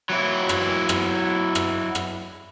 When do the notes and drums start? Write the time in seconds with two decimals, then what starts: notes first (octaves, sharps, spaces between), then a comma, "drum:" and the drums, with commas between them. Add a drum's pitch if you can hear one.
0.09 F#3 E4
0.49 drum: rim click
0.89 drum: rim click
1.55 drum: rim click
1.95 drum: rim click